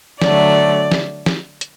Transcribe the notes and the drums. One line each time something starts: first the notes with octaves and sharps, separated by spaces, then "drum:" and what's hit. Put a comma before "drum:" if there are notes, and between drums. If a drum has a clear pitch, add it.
D3 F#3 A3 D5, drum: snare
drum: snare
drum: snare
drum: hi-hat